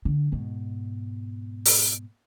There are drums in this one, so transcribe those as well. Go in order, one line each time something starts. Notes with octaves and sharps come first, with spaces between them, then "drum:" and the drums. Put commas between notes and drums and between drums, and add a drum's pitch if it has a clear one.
D3
G#2 B2
drum: open hi-hat